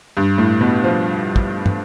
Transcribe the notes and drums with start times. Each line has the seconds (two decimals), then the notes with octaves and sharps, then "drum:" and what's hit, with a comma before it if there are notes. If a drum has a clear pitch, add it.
0.17 G2
0.38 A2
0.61 B2
0.84 F3
1.36 drum: kick
1.66 drum: tom